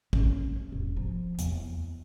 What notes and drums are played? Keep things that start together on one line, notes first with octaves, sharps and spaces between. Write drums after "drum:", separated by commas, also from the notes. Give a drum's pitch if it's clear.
C#4, drum: kick
E1
F3
E2, drum: hi-hat